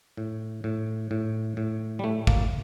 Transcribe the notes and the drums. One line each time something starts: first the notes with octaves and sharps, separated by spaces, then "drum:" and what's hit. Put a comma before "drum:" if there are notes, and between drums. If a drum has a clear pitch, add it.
A2
A2
A2
A2
G3
A2 A3
A#3, drum: kick G#1